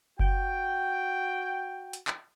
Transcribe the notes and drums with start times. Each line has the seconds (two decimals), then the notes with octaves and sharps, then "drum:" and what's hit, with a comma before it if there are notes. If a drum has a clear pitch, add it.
0.20 F#4 G5, drum: kick F#1
1.93 drum: hi-hat
2.08 drum: clap